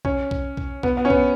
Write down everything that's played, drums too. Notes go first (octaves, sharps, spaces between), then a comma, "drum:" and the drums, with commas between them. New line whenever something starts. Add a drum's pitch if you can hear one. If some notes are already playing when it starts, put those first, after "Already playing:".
C#4, drum: kick B1
drum: kick B1
drum: kick B1
B3, drum: kick B1
B3
C#4
B3, drum: kick B1